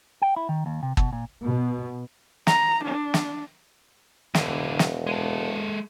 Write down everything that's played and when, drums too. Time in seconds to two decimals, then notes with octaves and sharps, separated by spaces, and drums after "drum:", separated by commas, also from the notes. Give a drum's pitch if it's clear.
0.22 G5
0.36 E4
0.49 D#3
0.66 D#2
0.83 C3
0.97 B2, drum: kick
1.13 A#2
1.45 B2
2.47 A#5, drum: snare
2.84 D4
3.14 drum: snare
4.35 E1 D3 E3, drum: snare
4.79 drum: snare
5.07 G#3 A4